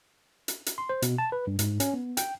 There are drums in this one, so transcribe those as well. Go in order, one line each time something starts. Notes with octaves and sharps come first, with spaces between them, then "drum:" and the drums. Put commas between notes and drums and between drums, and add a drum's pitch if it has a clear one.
drum: hi-hat
drum: hi-hat
C6
C5
B2, drum: hi-hat
A5
B4
G2
G#2, drum: hi-hat
C#4, drum: hi-hat
B3
G5, drum: hi-hat